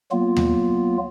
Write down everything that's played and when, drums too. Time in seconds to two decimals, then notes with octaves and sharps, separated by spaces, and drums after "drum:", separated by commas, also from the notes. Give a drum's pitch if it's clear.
0.12 F#3 A#3 B3 F4
0.36 drum: tom D#2